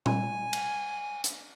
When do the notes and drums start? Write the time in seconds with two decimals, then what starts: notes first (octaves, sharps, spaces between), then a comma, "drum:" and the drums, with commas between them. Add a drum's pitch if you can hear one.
0.06 G#5, drum: tom
0.53 drum: cymbal
1.24 drum: hi-hat